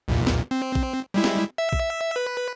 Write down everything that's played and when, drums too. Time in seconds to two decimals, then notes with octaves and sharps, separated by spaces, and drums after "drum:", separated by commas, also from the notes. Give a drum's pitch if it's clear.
0.08 B1 E2 A#2
0.27 drum: snare
0.51 C4
0.75 drum: kick
1.14 G3 G#3 E4
1.24 drum: snare
1.58 E5
1.73 drum: kick
2.16 B4